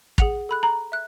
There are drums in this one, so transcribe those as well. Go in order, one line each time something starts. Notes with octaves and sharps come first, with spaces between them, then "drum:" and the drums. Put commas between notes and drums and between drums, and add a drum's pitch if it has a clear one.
G#4 F#5 F7, drum: kick
A4 B5 F#6
A#5
E5 F#6